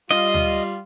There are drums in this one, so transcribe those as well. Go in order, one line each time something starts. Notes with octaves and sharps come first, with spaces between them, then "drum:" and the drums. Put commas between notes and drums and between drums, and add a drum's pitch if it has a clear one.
G3 F4 D#5, drum: snare
drum: tom D2